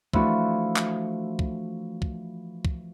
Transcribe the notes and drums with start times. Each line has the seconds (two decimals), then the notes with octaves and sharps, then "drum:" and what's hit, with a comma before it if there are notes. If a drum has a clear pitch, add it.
0.14 E3 F3 A3 D4 E4 F#4, drum: kick
0.76 drum: clap
1.39 drum: kick
2.02 drum: kick
2.65 drum: kick